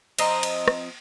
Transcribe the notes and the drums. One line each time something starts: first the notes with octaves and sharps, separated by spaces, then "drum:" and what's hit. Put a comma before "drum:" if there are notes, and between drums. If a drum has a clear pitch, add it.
F3 C4 D#5 A#5, drum: cymbal
drum: cymbal
drum: rim click